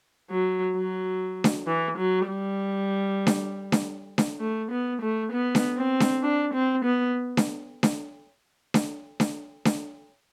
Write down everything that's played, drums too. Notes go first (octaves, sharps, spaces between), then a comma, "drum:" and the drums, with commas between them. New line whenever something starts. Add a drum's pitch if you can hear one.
F#3
F#3
drum: snare D4
E3
F#3
G3
drum: snare D4
drum: snare D4
drum: snare D4
A3
B3
A3
B3
drum: snare D4
C4
drum: snare D4
D4
C4
B3
drum: snare D4
drum: snare D4
drum: snare D4
drum: snare D4
drum: snare D4